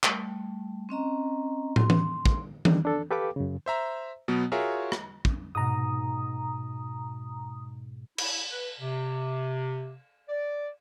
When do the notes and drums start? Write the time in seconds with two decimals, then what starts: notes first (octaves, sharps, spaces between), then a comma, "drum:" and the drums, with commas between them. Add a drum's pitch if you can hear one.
0.03 G3 A3, drum: clap
0.89 C4 C#4 D#5 A#5
1.76 C6, drum: tom
1.90 drum: tom E3
2.26 drum: kick
2.65 D#3 G3 D4, drum: tom E3
2.85 D4 A4
3.11 G4 A4 B4 F5 G5 D6
3.36 F#2 C#3
3.66 C5 E5 A#5
4.28 B2 F#3 B3
4.52 F4 F#4 G#4 A#4 C#5 E5
4.92 drum: rim click
5.25 drum: kick
5.55 G#2 B2 A#5 D#6
8.18 E4, drum: cymbal
8.51 B4
8.80 C3
10.29 D5